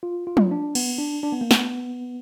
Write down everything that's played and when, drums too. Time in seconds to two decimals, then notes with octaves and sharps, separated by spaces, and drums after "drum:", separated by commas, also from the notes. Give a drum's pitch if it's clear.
0.03 F4
0.27 F4
0.37 drum: tom
0.51 D4
0.75 B3, drum: cymbal
0.98 D4
1.23 D4
1.32 B3
1.41 A#3
1.51 B3, drum: snare